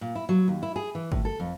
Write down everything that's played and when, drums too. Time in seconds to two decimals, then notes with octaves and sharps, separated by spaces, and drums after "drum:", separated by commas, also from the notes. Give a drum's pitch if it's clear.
0.01 A#2
0.15 E4
0.29 F#3
0.48 D#2
0.63 E4
0.76 G#4
0.95 E3
1.12 A2, drum: kick
1.25 A4
1.40 F2